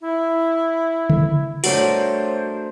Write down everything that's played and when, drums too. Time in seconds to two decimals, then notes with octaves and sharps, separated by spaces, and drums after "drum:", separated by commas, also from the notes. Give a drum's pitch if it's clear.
0.01 E4
1.10 drum: tom C#3
1.64 A3 D4 F#4 A#4 C5 C#5, drum: open hi-hat